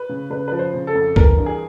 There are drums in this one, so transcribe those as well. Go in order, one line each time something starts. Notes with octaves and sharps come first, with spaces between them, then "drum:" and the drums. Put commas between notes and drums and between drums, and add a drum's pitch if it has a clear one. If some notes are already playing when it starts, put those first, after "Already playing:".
Already playing: B4
C#3
C#3 B4
F3 B4
C5
C#3
A4
F2
E3 A#4, drum: kick
G2
G#4